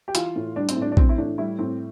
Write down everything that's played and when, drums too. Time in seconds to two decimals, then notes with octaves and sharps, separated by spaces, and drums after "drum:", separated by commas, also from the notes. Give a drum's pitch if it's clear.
0.08 G4
0.15 E3 F4, drum: hi-hat
0.36 A2
0.56 G3 D4
0.69 C4, drum: hi-hat
0.77 A2
0.82 D4
0.92 D4
0.97 E3 C4, drum: kick
1.09 E4
1.18 A2 D4
1.38 G3 E4
1.59 A2 C4